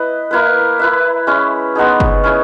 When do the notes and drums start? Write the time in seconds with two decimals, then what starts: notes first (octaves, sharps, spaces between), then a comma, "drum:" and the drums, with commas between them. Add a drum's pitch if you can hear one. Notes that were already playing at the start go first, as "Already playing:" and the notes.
Already playing: E4 B4 D#5
0.31 A#3 E4 B4
0.79 E4 B4 E5
1.27 G#3 C#4 E4
1.75 G#3 B3 D#4 G#4
2.00 drum: kick F#1
2.24 C#4 E4 G#4